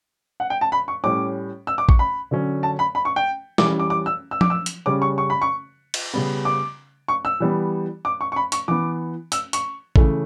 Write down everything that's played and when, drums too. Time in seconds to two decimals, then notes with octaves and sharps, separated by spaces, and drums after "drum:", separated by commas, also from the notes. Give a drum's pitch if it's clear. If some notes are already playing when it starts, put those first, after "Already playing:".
0.40 F#5
0.50 G5
0.61 A5
0.72 B5
0.88 C#6
1.04 A2 G3 C#4 D6
1.67 E6
1.78 D6
1.89 C#6, drum: kick A1
1.99 B5
2.31 D3 F#3 C#4
2.63 A5
2.79 B5
2.95 B5
3.05 C#6
3.16 G5
3.58 E3 G3 C#4 D6, drum: snare
3.80 D6
3.90 D6
4.06 E6
4.31 E6
4.41 D6, drum: tom F3
4.50 E6
4.66 drum: hi-hat
4.86 C#3 G3 C#4 D6
5.02 C#6
5.18 C#6
5.30 B5
5.42 C#6
5.94 drum: cymbal
6.14 C#3 G3 B3
6.45 D6
7.08 C#6
7.25 E6
7.40 E3 G3 B3
8.05 D6
8.21 C#6
8.32 C#6
8.36 B5
8.52 C#6, drum: hi-hat
8.68 E3 B3 D6
9.32 E6, drum: hi-hat
9.53 C#6, drum: hi-hat
9.96 C#3 E3 A3 C#4, drum: kick A1